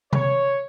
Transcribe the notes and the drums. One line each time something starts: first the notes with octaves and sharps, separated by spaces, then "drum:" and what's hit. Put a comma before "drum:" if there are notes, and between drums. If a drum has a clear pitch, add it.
C#5, drum: tom C3